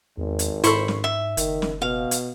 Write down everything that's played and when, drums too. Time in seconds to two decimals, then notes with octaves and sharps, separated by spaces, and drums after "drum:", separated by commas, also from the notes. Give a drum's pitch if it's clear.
0.18 G#1 E2
0.39 drum: hi-hat
0.64 G#2 E4 A4 C5 B5 C#6, drum: hi-hat
0.88 drum: snare
1.04 E5
1.37 F#1 D#3, drum: hi-hat
1.62 drum: snare
1.82 B2 F5
2.11 drum: hi-hat